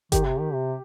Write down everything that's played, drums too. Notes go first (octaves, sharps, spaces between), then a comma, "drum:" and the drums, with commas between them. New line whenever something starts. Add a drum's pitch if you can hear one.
D#3 G4, drum: kick G1, hi-hat
C3
D#3
C3